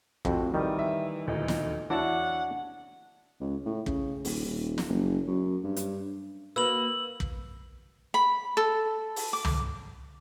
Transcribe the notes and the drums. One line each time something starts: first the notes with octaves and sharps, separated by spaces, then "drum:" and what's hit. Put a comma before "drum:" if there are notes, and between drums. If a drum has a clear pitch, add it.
F2 A2 C4 F#4, drum: kick
D#3 E3 G3
E5
D#1 A1 D2 D#4
drum: snare
E2 D4 E4 F#4 C#5 F#5 A5
C#2
A2
C#3, drum: kick
D#1, drum: open hi-hat
D#1
drum: snare
F#1
F#2
G2
drum: hi-hat
A#3 F#4 B4 E6 F#7
drum: kick
B5
A4
drum: open hi-hat
D6
drum: tom